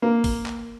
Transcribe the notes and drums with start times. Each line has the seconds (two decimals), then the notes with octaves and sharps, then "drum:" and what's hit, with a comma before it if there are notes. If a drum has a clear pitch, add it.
0.02 A#3
0.24 drum: kick, open hi-hat
0.46 drum: clap